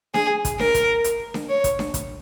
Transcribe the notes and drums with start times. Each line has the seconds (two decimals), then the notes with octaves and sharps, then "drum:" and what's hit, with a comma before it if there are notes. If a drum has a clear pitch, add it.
0.14 G#4, drum: snare D4
0.45 drum: kick, hi-hat
0.59 A#4, drum: snare D4
0.74 drum: kick, hi-hat
1.04 drum: hi-hat
1.34 drum: snare D4
1.49 C#5
1.64 drum: kick, hi-hat
1.79 drum: snare D4
1.94 drum: kick, hi-hat